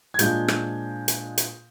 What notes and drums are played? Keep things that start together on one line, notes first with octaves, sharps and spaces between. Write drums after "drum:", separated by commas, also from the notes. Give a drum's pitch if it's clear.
G#6
A#2 F3 G#3 D4 G6, drum: hi-hat
drum: rim click
drum: hi-hat
drum: hi-hat